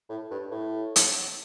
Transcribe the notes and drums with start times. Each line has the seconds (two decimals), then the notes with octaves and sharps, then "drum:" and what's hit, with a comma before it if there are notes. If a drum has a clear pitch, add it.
0.09 A2
0.31 G2
0.52 A2
0.96 drum: hi-hat